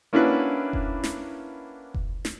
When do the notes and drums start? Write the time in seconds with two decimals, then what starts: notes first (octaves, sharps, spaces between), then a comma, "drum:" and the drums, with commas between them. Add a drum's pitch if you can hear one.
0.13 A#3 C#4 D4 E4 F#4 B4
0.73 drum: kick F1
1.04 drum: snare
1.94 drum: kick F1
2.25 drum: snare